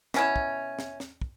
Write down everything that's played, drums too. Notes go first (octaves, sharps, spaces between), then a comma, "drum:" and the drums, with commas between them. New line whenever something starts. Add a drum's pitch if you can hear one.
B2 C#4 E4, drum: snare
drum: kick
drum: snare
drum: snare
drum: kick